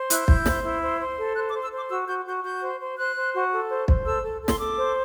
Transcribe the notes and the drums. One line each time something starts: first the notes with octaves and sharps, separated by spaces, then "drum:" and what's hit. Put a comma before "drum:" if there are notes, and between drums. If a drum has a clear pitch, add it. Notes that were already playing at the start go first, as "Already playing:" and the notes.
Already playing: C5
E4 F#6, drum: hi-hat
E4 G6, drum: kick
C5, drum: snare
E4
C5
C5
A4
C5 F#6
D6
C5
E6
C5
D6
F#4 E6
F#4 G6
F#4 G6
F#4 G6
C5
C5
C5 F#6
C5
F#4
A4
C5
C5, drum: kick
A4 E6
A4
A4
C6, drum: snare
A4 D6
C5